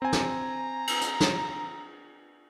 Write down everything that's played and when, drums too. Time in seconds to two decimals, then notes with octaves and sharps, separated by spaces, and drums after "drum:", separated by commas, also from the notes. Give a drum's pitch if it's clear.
0.02 C4 G#5 A#5
0.13 drum: snare
0.87 drum: cymbal
1.01 drum: hi-hat
1.20 drum: snare